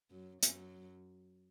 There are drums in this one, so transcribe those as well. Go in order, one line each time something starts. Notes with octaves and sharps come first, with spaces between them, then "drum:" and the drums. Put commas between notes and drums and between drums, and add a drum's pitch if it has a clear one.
F#2 F#3
F#2 F#3, drum: hi-hat